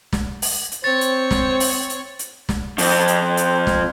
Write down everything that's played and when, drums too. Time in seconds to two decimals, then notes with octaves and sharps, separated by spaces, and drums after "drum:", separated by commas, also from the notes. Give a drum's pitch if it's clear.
0.13 drum: snare
0.42 drum: open hi-hat
0.72 drum: hi-hat
0.84 C4 C5 C#5 A6
1.01 drum: hi-hat
1.31 drum: snare
1.60 drum: open hi-hat
1.90 drum: hi-hat
2.19 drum: hi-hat
2.49 drum: snare
2.78 F2 C4, drum: open hi-hat
3.08 drum: hi-hat
3.37 drum: hi-hat
3.67 drum: snare